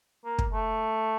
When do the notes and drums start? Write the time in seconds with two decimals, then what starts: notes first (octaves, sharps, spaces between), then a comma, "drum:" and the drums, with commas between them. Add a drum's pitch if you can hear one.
0.24 A#3
0.38 drum: kick
0.53 A3